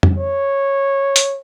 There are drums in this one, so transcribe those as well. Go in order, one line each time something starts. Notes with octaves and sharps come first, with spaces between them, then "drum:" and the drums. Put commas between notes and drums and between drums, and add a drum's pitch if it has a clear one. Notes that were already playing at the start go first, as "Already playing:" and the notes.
drum: tom F2
C#5
drum: hi-hat